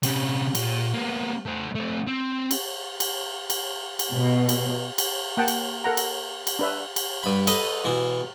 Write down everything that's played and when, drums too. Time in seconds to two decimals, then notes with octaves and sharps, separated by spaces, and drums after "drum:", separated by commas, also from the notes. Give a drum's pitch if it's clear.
0.03 C3 C#4, drum: cymbal
0.55 A#2, drum: cymbal
0.94 A#3 B3
1.46 A3 C5
1.75 A3 C4
2.07 C4
2.51 drum: cymbal
3.00 drum: cymbal
3.50 drum: cymbal
3.99 drum: cymbal
4.13 B2
4.49 drum: cymbal
4.98 drum: cymbal
5.37 A#3 F#5 G5 A5
5.48 drum: cymbal
5.84 A4 A#4 F#5 A#5
5.97 drum: cymbal
6.47 drum: cymbal
6.59 D4 B4 E5
6.96 drum: cymbal
7.23 G2 B5
7.47 A4 B4 D#5, drum: cymbal
7.85 B2 E3